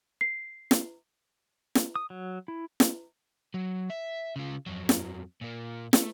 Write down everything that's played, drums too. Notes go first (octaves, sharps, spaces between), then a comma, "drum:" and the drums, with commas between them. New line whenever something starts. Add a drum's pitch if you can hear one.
C7
drum: snare
drum: snare
D#6
F#3
E4
drum: snare
F#3
E5
C#3 F4
F2 F#3
drum: snare
A#2 A#3
A3, drum: snare